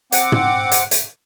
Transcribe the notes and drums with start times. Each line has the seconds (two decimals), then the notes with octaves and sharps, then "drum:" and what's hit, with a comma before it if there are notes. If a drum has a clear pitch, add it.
0.12 C4 F#5 D6, drum: hi-hat
0.32 drum: tom
0.72 drum: hi-hat
0.91 drum: hi-hat